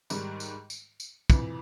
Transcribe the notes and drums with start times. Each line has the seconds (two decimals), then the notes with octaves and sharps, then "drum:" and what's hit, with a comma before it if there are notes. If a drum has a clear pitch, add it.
0.10 G#2 D#3 G3, drum: tambourine
0.40 drum: tambourine
0.70 drum: tambourine
1.00 drum: tambourine
1.30 F2 C3 E3, drum: kick, tambourine